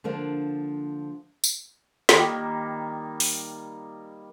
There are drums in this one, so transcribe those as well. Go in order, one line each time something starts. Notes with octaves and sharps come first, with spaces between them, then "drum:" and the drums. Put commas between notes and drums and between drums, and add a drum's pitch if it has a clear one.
D3 F3 A#3 D4
drum: tambourine
D#3 G3 A#3, drum: snare
drum: open hi-hat